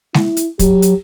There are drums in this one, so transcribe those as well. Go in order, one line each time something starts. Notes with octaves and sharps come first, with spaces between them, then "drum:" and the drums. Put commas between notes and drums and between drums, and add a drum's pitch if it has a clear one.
E4, drum: snare
drum: hi-hat
F#3 G4, drum: kick, hi-hat
drum: hi-hat